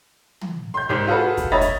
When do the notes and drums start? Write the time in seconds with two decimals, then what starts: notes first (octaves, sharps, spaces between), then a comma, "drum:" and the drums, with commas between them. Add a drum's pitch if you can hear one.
0.41 drum: tom
0.74 C6 G6
0.89 C2 G#2 G6
1.07 F4 F#4 G#4 A4 B4
1.37 drum: kick, hi-hat
1.52 C#5 D#5 E5 A#5 B5 A6
1.61 drum: kick, hi-hat